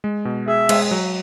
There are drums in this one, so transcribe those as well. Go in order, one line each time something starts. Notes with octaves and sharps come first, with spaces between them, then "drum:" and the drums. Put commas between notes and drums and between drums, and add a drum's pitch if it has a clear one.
G#3
B2
G#4 E5
G#3, drum: cymbal
F#3